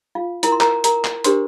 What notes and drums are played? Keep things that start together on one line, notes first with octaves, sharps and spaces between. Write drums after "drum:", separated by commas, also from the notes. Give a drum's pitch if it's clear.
F4 F5
E4 A#4 A#5, drum: hi-hat
C6
A#4 A#5, drum: clap
A#4 A#5, drum: hi-hat
drum: clap
D4 G4 A#4 C5 C6, drum: hi-hat